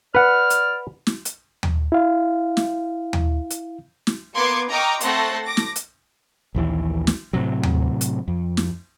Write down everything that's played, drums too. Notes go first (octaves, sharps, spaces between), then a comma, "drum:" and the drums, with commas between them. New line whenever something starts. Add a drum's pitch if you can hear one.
B4 D5 F#5 F6
drum: hi-hat
drum: snare
drum: hi-hat
drum: tom
E4 F5
drum: snare
drum: tom
drum: hi-hat
drum: snare
A#3 B3 C6 D6 G#6 C#7
D#5 G5 A#5 C#6 D6 F6
A3 C4 A4 F#5 C6 A#6, drum: hi-hat
D6 A#6
drum: snare
drum: hi-hat
A#1 D#2 E3
drum: snare
A2 C3 F#3
drum: tom
drum: hi-hat
F2
drum: snare